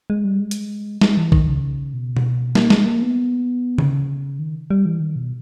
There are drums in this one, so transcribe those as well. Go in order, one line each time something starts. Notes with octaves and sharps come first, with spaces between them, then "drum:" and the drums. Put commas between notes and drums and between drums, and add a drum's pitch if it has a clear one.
G#3
G3
G#3
drum: hi-hat
G#3, drum: snare
E3
D#3, drum: kick A#1
C#3
B2
drum: tom B2
A#3, drum: snare
G#3, drum: snare
A#3
B3
C#3, drum: tom D3
D#3
G3
E3
D#3
B2